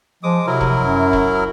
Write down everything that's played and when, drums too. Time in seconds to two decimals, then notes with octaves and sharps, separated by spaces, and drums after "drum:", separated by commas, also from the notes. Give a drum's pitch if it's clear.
0.23 F3 G#3 D6 D#6
0.46 C3 F#3 E4 A#4
0.61 drum: kick E1
0.78 F#2
1.13 drum: kick E1